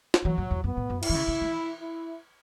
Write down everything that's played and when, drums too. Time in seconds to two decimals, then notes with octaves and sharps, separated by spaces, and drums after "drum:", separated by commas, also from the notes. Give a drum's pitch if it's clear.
0.14 drum: snare
0.24 E3 F#3
0.38 F#2
0.51 E2
0.64 F#2 B3
0.77 A2
0.90 F#2
1.03 E4, drum: cymbal
1.10 E3
1.15 C#3
1.28 C#3
1.41 E3
1.80 E4